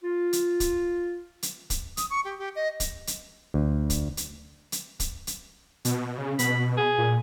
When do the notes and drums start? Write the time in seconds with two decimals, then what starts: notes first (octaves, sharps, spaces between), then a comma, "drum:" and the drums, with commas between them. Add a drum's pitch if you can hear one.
0.03 F4
0.33 drum: hi-hat
0.60 drum: kick, hi-hat
1.43 drum: hi-hat
1.70 drum: kick, hi-hat
1.97 D#6, drum: hi-hat
2.10 C#6
2.25 G4
2.39 G4
2.56 D#5
2.80 drum: kick, hi-hat
3.07 drum: hi-hat
3.54 D2
3.90 drum: kick, hi-hat
4.17 drum: hi-hat
4.72 drum: hi-hat
5.00 drum: kick, hi-hat
5.27 drum: hi-hat
5.85 B2, drum: hi-hat
6.18 C#3
6.39 B2 B5, drum: hi-hat
6.77 G#4
6.98 A#2